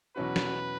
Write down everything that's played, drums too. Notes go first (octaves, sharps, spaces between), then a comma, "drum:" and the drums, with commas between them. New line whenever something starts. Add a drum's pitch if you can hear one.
E2 B2 F#3 C#4 F#4 B4
drum: snare